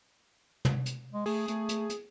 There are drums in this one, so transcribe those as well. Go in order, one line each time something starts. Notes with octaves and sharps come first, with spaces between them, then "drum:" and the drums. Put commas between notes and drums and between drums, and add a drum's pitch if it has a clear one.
drum: tom
drum: hi-hat
G#3
A3 G#4, drum: open hi-hat
A3, drum: hi-hat
drum: hi-hat
drum: hi-hat